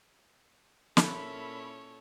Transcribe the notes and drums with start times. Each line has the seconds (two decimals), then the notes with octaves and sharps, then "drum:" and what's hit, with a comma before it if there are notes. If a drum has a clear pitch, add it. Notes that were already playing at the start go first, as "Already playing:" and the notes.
0.97 A#2 C#4 E4 A4 A#4 C#5 E5 B5, drum: snare